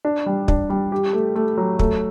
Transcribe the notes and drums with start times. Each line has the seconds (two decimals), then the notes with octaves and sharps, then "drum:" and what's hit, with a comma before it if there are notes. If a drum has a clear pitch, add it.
0.05 D4
0.26 G3
0.48 D4, drum: kick
0.70 G3
0.92 G4
1.13 A3
1.36 A3
1.58 F#3
1.79 A3, drum: kick